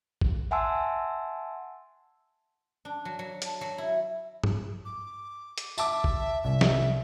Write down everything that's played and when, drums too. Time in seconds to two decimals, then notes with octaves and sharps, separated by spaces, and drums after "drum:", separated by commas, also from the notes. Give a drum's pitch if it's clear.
0.21 drum: kick A1
0.51 E5 F#5 G#5 A5 C6 E6
2.85 D4
3.05 F#3
3.19 F#3
3.42 A5, drum: hi-hat
3.61 F#3
3.78 E4
4.44 drum: tom
4.85 D6
5.58 drum: hi-hat
5.78 E5 A5 D6, drum: tambourine
6.04 drum: kick A1
6.44 C2 E5
6.61 drum: snare